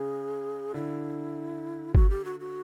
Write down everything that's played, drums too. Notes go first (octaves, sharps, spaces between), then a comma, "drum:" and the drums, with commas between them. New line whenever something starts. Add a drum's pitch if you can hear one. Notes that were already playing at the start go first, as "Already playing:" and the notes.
Already playing: C#3 G#4
D3 E4
F#4, drum: kick G1
G4
F#4
F#4